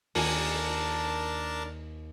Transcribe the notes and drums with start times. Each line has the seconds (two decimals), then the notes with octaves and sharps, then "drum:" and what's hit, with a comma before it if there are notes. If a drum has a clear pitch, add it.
0.15 D#2 D4 A#4 G#5 A5, drum: open hi-hat